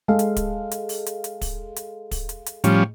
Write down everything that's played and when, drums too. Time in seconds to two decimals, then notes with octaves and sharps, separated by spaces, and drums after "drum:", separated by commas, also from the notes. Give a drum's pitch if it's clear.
0.08 G#3 G#4 A4 F5
0.19 drum: hi-hat
0.36 drum: kick, hi-hat
0.71 drum: hi-hat
0.89 drum: open hi-hat
1.06 drum: hi-hat
1.24 drum: hi-hat
1.41 drum: kick, open hi-hat
1.76 drum: hi-hat
2.11 drum: kick, open hi-hat
2.29 drum: hi-hat
2.46 drum: hi-hat
2.64 A2 F3 G3 C#4, drum: hi-hat